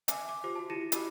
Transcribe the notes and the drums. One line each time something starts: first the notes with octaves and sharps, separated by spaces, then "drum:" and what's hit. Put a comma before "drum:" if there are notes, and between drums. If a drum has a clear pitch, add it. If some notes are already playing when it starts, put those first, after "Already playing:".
E5 G#5 D6, drum: hi-hat
D6
F4 G4 C5 D6
F#4 A5
E4 G4 A#6 C#7 D#7 E7
E4 F#4 G4 B5 D6, drum: hi-hat